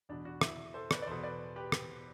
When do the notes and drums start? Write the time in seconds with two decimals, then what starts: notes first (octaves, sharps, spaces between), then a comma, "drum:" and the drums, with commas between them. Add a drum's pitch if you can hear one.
0.09 E2 B2 D4
0.25 D4 F#4
0.41 E4, drum: rim click
0.74 A4 C5
0.91 B4 D5, drum: rim click
1.02 D5
1.07 E2 B2 A4 C5
1.23 B4 D5
1.56 G4 B4
1.72 drum: rim click